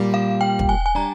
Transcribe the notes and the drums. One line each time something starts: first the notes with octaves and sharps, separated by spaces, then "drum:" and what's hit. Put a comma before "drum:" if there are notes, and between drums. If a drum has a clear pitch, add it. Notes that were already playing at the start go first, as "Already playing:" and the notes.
Already playing: A#2 G3 A#3
F5
G5
drum: kick
G#5
G#5
G3 D4 A#5